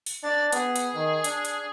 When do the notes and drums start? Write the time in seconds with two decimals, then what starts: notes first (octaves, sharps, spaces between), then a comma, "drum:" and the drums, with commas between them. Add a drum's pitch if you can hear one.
0.06 drum: open hi-hat
0.23 D4 D5 A6
0.53 B3 G#4, drum: hi-hat
0.76 drum: hi-hat
0.95 D#3
1.24 D4, drum: hi-hat
1.45 drum: hi-hat